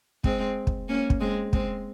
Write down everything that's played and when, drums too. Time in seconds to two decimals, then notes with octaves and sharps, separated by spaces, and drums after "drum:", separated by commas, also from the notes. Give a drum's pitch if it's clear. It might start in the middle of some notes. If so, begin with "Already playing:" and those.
0.24 G#3 C4, drum: kick
0.67 drum: kick
0.89 A#3 C#4
1.10 drum: kick
1.20 G#3 C4
1.53 G#3 C4, drum: kick